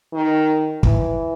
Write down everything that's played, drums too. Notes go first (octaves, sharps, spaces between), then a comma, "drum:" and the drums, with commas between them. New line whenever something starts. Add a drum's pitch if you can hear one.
D#3
E3, drum: kick